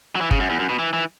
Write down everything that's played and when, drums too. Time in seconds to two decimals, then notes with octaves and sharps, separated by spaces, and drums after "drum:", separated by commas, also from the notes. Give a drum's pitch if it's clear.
0.16 F#3
0.21 E3
0.31 C#3, drum: kick G1
0.40 F#2
0.50 E2
0.59 F#2
0.69 B2
0.79 E3
0.93 E3